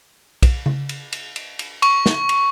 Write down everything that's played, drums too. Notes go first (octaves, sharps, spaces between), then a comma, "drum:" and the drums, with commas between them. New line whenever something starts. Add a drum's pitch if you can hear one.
drum: kick, cymbal
drum: tom C#3
drum: cymbal
drum: cymbal
drum: cymbal
drum: cymbal
C#6, drum: cymbal
drum: snare
drum: cymbal